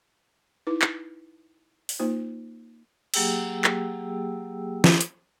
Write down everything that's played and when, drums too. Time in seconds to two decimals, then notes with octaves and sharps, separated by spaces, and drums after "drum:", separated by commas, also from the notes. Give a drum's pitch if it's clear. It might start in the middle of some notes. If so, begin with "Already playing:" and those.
0.67 D#4 E4 B4
0.82 drum: clap
1.89 drum: open hi-hat
1.99 A#3 D#4 F4 C5
3.14 F#3 A#3 G4 G#4 G5 E6, drum: cymbal
3.64 drum: clap
4.84 drum: snare
5.01 drum: hi-hat